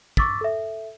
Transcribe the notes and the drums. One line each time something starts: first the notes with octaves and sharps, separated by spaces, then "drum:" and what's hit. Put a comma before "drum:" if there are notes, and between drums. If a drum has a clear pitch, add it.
C#6 D6 E6 A6 B6, drum: kick
A4 E5